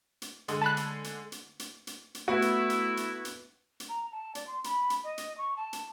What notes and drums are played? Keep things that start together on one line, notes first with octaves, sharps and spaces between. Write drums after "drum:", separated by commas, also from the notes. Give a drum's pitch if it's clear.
drum: hi-hat
D3 G#3, drum: hi-hat
A5 B5 F#6
drum: hi-hat
drum: hi-hat
drum: hi-hat
drum: hi-hat
drum: hi-hat
drum: hi-hat
A3 B3 E4 F#4
drum: hi-hat
drum: hi-hat
drum: hi-hat
drum: hi-hat
drum: hi-hat
A#5
A5
D5, drum: hi-hat
C6
B5, drum: hi-hat
drum: hi-hat
D#5
drum: hi-hat
C#6
A5
drum: hi-hat